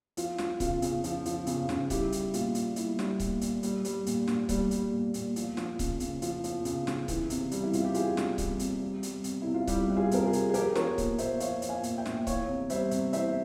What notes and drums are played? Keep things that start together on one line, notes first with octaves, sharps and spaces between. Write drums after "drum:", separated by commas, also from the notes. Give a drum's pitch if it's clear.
F3 F4, drum: hi-hat
F3, drum: snare
C#3 F4, drum: kick C#1, hi-hat
C#3, drum: hi-hat
F3, drum: hi-hat
F3, drum: hi-hat
C#3, drum: hi-hat
C#3, drum: snare
G3 E4 G4, drum: kick C#1, hi-hat
G3, drum: hi-hat
A#2 F4, drum: hi-hat
A#2, drum: hi-hat
G3 E4, drum: hi-hat
G3, drum: snare
A#2, drum: kick C#1, hi-hat
A#2, drum: hi-hat
G3, drum: hi-hat
G3, drum: hi-hat
A#2, drum: hi-hat
A#2, drum: snare
G3, drum: kick C#1, hi-hat
G3, drum: hi-hat
A#2
A#2, drum: hi-hat
F3, drum: hi-hat
F3, drum: snare
C#3, drum: kick C#1, hi-hat
C#3, drum: hi-hat
F3 F4, drum: hi-hat
F3, drum: hi-hat
C#3, drum: hi-hat
C#3, drum: snare
E3, drum: kick C#1, hi-hat
C3, drum: hi-hat
G3, drum: hi-hat
E4
C3 F4, drum: hi-hat
G4
E3 F4 G#4, drum: hi-hat
C3, drum: snare
G3, drum: kick C#1, hi-hat
C3, drum: hi-hat
G3
G3, drum: hi-hat
C3, drum: hi-hat
C3 E4
F4
G3 E4 G4, drum: kick C#1, hi-hat
G3
F4 G#4
C3 A#4, drum: hi-hat
F4 G#4
C3, drum: hi-hat
G#4
F3 G4 A#4, drum: hi-hat
F3 A#4 C#5, drum: snare
A#2, drum: kick C#1, hi-hat
A#2 C5 E5, drum: hi-hat
F3 C#5 F5, drum: hi-hat
F3, drum: hi-hat
F5 G#5
A#2, drum: hi-hat
E5 G5
A#2, drum: snare
E3 C#5 F5, drum: kick C#1, hi-hat
C3
G3 C5 E5, drum: hi-hat
C3, drum: hi-hat
E3 C5 E5, drum: hi-hat